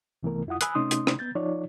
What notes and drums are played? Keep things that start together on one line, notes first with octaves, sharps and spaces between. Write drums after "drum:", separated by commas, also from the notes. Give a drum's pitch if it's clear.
C2 C3 E3 A3 B3 A#4
F2 E4 F4 F#5 D#6
G#5 B5 D#6 E6 F#6, drum: hi-hat
C3 A3 C#4 D#4 C6 D#6
drum: hi-hat
drum: rim click
B3 G6 A6
F3 D#4 F4 C#5 D5